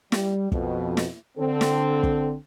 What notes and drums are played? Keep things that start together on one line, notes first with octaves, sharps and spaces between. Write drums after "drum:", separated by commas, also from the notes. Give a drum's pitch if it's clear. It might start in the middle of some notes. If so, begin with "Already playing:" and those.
G3, drum: snare
F2 B2, drum: kick
drum: snare
D3 C4 A4
drum: snare
drum: kick